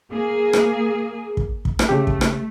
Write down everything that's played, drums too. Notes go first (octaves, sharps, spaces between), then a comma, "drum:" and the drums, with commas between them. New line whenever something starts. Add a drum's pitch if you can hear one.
A#3 G#4
drum: rim click
drum: kick
drum: kick
drum: rim click
C#3 A3 G4
drum: kick
drum: rim click